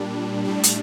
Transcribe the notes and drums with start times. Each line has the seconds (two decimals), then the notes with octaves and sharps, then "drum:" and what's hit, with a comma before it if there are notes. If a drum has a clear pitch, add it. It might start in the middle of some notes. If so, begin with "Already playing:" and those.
Already playing: A#2 G3 D4
0.45 A2 G3 D4
0.64 drum: hi-hat